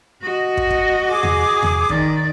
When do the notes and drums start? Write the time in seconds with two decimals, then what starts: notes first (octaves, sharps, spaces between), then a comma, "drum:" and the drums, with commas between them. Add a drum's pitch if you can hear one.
0.22 F#4 D#5
0.57 drum: kick
0.70 drum: kick
1.06 G#4 D6
1.23 drum: tom E2
1.63 drum: tom E2
1.89 D#3 D5, drum: kick